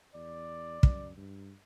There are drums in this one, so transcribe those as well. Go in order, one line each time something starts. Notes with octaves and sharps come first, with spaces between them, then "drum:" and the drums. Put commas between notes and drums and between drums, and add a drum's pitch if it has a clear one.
E2 D5
F#2, drum: kick
G2